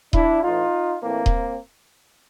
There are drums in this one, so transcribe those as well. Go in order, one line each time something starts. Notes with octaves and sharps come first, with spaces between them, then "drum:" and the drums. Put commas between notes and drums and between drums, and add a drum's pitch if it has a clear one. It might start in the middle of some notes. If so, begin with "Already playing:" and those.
D4 E4, drum: kick D#1
A2 E3 D#4 F4
A2 E3 A#3 C4
drum: kick D#1